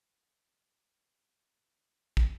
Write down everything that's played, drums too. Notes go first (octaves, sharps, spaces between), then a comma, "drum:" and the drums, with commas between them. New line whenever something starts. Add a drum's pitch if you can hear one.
G#3 G5
A1 C4 A#4 C5
E3 B4
drum: kick